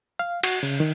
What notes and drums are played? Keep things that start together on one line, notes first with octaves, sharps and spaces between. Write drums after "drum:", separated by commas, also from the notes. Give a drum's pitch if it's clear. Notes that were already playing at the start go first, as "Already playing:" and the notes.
F5
F#4, drum: cymbal
C#3
D#3